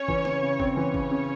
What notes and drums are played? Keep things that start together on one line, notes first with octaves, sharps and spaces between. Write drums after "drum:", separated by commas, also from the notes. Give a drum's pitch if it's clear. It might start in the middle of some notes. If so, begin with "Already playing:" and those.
Already playing: C#4 C#5
E3, drum: kick
C#3, drum: snare
C#3
C4, drum: kick
E3 C#4 C#5
C#3, drum: kick
C#3